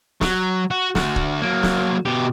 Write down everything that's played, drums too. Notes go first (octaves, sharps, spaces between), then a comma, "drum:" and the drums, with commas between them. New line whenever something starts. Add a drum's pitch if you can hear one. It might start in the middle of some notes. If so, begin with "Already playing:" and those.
F#3, drum: snare
F#4
D2 F#4, drum: snare
drum: kick D1
F#3 A#3
drum: snare
B2 G4